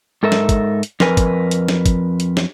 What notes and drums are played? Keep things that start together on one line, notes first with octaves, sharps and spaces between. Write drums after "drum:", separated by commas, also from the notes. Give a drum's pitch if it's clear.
G#2 A4 A#4 E5
drum: snare
drum: kick, hi-hat
drum: hi-hat
F2 A#4 B4 G#5, drum: snare
drum: kick, hi-hat
drum: hi-hat
drum: snare
drum: kick, hi-hat
drum: hi-hat
drum: snare